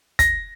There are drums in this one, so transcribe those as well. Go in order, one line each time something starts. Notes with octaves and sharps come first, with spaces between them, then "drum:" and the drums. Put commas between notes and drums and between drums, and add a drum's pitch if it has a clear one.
A#6, drum: kick, hi-hat